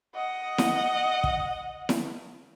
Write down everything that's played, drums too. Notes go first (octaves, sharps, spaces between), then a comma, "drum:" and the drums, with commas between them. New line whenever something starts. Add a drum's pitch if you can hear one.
D#5 F#5
drum: snare E4
drum: kick
drum: snare E4